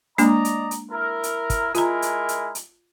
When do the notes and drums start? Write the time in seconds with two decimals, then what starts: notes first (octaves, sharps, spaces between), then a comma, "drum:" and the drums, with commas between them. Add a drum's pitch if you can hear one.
0.18 G#3 A#3 D4 D5 D#5 A#5, drum: hi-hat
0.45 drum: hi-hat
0.71 drum: hi-hat
0.91 E4 A#4
1.23 drum: hi-hat
1.50 drum: kick, hi-hat
1.75 G#3 E4 F4 A#4 A#5, drum: hi-hat
2.02 drum: hi-hat
2.29 drum: hi-hat
2.55 drum: hi-hat